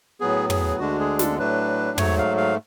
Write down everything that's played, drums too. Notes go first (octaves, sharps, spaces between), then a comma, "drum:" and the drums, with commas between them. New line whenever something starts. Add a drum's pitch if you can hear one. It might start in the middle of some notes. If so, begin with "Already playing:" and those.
A2 F#3 B3 G#4
G#4, drum: tom
D2 D3 G#3 D4 F#4
G#4
A4, drum: snare
A2 F#3 A3 D4 B4
G#2 F#3 A3 C#5, drum: tom
F5
F5